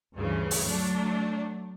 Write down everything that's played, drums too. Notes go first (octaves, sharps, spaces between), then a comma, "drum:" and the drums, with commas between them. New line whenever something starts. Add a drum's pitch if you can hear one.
D2 G2 C#3 E3
drum: open hi-hat
F#3 A3 D4